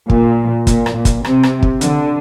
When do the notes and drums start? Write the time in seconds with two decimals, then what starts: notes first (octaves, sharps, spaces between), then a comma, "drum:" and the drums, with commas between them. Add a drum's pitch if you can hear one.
0.10 A#2, drum: kick
0.67 A#2, drum: kick, hi-hat
0.86 drum: rim click
0.95 A#2
1.05 drum: kick, hi-hat
1.25 C3, drum: rim click
1.43 drum: rim click
1.63 drum: kick
1.81 D3, drum: hi-hat